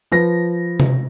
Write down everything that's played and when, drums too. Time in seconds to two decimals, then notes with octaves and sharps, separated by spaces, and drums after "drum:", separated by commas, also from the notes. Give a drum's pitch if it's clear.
0.12 F3 B4 A#6
0.80 drum: tom C3